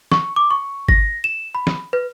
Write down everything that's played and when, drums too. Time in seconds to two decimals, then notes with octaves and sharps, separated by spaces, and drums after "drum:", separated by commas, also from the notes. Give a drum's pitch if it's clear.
0.12 C#6, drum: snare
0.36 D6
0.51 C#6
0.88 A#6, drum: kick G#1
1.24 E7
1.55 B5
1.67 drum: snare
1.93 B4